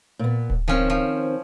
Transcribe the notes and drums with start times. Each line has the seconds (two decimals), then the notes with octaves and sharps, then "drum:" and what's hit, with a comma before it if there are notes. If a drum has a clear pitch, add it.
0.19 A#2 B3
0.50 drum: kick D1
0.68 D#3 F3 C4 C#4
0.90 F3